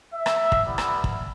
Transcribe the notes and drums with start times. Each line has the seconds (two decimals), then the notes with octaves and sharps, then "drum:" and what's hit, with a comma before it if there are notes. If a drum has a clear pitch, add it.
0.13 E5
0.26 drum: rim click
0.52 drum: kick
0.64 G3 B3 E4
0.78 drum: rim click
1.04 drum: kick